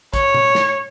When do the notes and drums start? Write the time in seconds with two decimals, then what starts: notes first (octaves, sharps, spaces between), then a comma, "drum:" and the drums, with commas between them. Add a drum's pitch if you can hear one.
0.14 C#5, drum: kick, hi-hat
0.34 drum: tom A#2
0.55 drum: snare